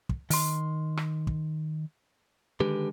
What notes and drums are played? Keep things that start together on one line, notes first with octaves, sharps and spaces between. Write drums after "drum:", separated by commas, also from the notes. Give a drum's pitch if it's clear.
drum: kick
D#3 C6, drum: open hi-hat
drum: rim click
drum: kick
D3 D#3 G#3 G4 B4